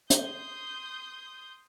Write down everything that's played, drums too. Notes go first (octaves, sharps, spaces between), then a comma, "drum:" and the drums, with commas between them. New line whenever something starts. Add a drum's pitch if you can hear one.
C6 D#6 G6, drum: hi-hat